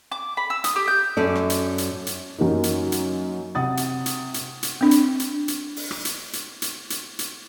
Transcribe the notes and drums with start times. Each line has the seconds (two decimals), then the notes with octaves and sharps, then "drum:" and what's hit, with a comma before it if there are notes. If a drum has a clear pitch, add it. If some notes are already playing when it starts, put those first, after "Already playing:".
0.12 D6
0.37 B5
0.50 E6
0.64 D#6, drum: hi-hat
0.76 G4
0.88 G6
1.17 F#2 A4 D5
1.35 drum: rim click
1.50 drum: hi-hat
1.78 drum: hi-hat
2.07 drum: hi-hat
2.38 F#2 F#3 A#3 D#4
2.63 drum: hi-hat
2.92 drum: hi-hat
3.55 C3 F#5 D#6 A6
3.77 drum: hi-hat
4.06 drum: hi-hat
4.34 drum: hi-hat
4.63 drum: hi-hat
4.81 C4 D4
4.91 drum: hi-hat
5.20 drum: hi-hat
5.48 drum: hi-hat
5.76 drum: open hi-hat
5.91 drum: rim click
6.05 drum: hi-hat
6.33 drum: hi-hat
6.62 drum: hi-hat
6.90 drum: hi-hat
7.19 drum: hi-hat